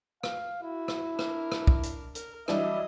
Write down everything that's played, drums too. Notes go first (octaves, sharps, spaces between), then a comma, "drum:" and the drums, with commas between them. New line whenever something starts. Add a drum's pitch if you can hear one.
F5, drum: rim click
E4 F#4
drum: rim click
D4 A#4, drum: rim click
drum: rim click
drum: kick
drum: hi-hat
A#4, drum: hi-hat
E3 F#3 G3 D4 D#5 E5, drum: rim click